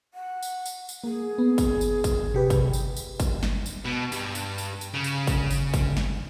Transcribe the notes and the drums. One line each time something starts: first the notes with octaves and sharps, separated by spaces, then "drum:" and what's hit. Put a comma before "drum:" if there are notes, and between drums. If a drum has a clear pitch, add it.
F#5
drum: tambourine
drum: tambourine
drum: tambourine
A#3 G#4
B3
drum: kick, tambourine
drum: tambourine
drum: kick, tambourine
C3 G4 B4
drum: kick, tambourine
drum: tambourine
drum: tambourine
drum: kick, tambourine
drum: snare
drum: tambourine
B2
G2, drum: tambourine
drum: tambourine
drum: tambourine
drum: tambourine
C#3
drum: tambourine
drum: kick, tambourine
drum: tambourine
drum: kick, tambourine
drum: snare